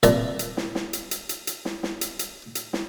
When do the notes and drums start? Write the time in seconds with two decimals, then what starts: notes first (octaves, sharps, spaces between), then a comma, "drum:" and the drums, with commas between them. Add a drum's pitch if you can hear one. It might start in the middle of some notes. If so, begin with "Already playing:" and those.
0.03 C2 A#2 A#4 E5 A5 A#5, drum: hi-hat
0.39 drum: hi-hat
0.57 drum: snare
0.75 drum: snare
0.93 drum: hi-hat
1.11 drum: hi-hat
1.29 drum: hi-hat
1.47 drum: hi-hat
1.65 drum: snare
1.83 drum: snare
2.01 drum: hi-hat
2.19 drum: hi-hat
2.55 drum: hi-hat
2.73 drum: snare